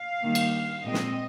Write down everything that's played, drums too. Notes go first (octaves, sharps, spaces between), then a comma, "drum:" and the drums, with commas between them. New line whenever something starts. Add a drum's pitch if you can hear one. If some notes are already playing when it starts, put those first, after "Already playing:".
Already playing: F5
D#3 G3 A#3
drum: cymbal
A#2 G#3 C4 D#5
drum: snare